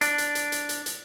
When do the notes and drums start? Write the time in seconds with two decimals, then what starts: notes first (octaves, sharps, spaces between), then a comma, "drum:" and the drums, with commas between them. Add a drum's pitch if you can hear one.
0.01 D4, drum: hi-hat
0.18 drum: hi-hat
0.35 drum: hi-hat
0.52 drum: hi-hat
0.69 drum: hi-hat
0.86 drum: hi-hat